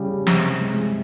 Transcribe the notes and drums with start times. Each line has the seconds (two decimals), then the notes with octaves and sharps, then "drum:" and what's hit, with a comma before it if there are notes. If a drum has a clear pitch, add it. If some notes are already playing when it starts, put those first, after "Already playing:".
Already playing: C#3 G3
0.27 C3, drum: snare
0.60 G#3